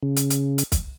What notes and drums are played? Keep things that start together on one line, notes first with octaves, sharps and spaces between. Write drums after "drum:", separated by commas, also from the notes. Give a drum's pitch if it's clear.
C#3
drum: hi-hat
drum: hi-hat
drum: hi-hat
drum: kick, hi-hat